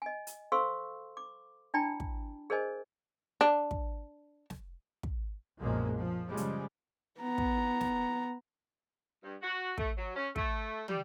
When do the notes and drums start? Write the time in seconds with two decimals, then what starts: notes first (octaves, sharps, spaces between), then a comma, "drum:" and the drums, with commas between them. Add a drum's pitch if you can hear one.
0.02 D#5 G#5
0.27 drum: hi-hat
0.52 A4 C5 F5 C6 C#6 E6
1.17 D6
1.74 D4 E4 D5 G5 A5 B5
2.00 drum: kick
2.50 G#4 A#4 C5 D5 D#5 G#5
3.41 D4
3.71 drum: kick
4.50 drum: snare
5.03 drum: kick
5.60 B1 F#2 A#2 F3 G#3 A#3
5.97 F3
6.28 C#3 F3 G3 G#3
6.37 drum: hi-hat
7.20 B3 A#5
7.38 drum: kick
7.81 drum: snare
9.24 G2
9.41 F#4
9.78 A3, drum: kick
9.97 F#3
10.16 C#4
10.36 A3, drum: kick
10.88 G3, drum: tom